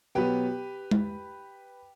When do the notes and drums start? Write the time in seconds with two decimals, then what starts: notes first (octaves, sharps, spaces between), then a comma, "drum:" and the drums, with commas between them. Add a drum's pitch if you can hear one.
0.15 B2 F#3 B3 G4 B4
0.91 drum: tom